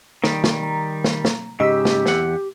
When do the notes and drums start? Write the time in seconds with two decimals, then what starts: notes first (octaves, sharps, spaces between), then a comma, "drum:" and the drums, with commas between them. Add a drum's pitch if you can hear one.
0.24 D#3 G3, drum: snare
0.44 drum: snare
0.63 A#5
1.04 drum: snare
1.25 drum: snare
1.60 G#2 C#3 G4 D#5 E6 B6
1.85 drum: snare
2.06 E2 F#5, drum: snare